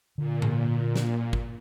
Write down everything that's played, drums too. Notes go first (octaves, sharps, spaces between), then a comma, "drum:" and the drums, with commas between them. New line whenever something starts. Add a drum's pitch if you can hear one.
A#2 D3
drum: tom G#2
drum: snare
drum: kick